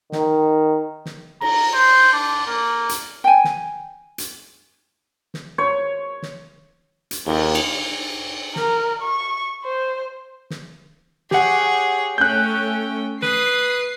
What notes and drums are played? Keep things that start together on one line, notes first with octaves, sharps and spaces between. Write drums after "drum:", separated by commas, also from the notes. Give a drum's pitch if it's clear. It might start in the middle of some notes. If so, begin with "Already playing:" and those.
D#3, drum: snare
drum: snare
A#5, drum: cymbal
C5
D4
A#3
drum: hi-hat
G5 G#5
drum: snare
drum: hi-hat
drum: snare
C#5
drum: snare
drum: hi-hat
D#2, drum: cymbal
drum: cymbal
A#4, drum: snare
C#6
C5
drum: snare
G4 G#4 C#5 F#5, drum: snare
A3 C#4 G5 F#6 G6
B4 D#6 C7, drum: snare